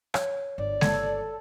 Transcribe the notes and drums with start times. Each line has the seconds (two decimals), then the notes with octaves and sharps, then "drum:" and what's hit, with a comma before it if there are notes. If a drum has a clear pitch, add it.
0.14 C#5, drum: rim click
0.58 G1 D5
0.81 A4 G#6, drum: snare G#3